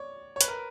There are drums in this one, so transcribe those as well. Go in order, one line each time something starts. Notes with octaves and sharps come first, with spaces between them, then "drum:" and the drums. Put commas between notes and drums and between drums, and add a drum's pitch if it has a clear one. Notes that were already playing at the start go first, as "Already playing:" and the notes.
Already playing: C#5 D5
C#5
B4, drum: hi-hat
A#4